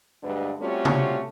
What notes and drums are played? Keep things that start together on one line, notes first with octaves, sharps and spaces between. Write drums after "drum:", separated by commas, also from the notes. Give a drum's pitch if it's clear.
D2 G2 D3 G#3 B4
G3 A3 C4 C#4 F4 F#4
drum: tom